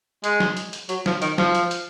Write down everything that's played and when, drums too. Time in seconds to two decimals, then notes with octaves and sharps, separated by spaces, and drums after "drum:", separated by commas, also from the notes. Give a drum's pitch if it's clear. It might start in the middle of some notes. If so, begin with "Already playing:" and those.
0.24 G#3, drum: hi-hat
0.40 drum: snare
0.57 drum: hi-hat
0.73 drum: hi-hat
0.89 F#3, drum: hi-hat
1.06 F3, drum: snare
1.22 D#3, drum: hi-hat
1.38 F3, drum: snare
1.55 drum: hi-hat
1.71 drum: hi-hat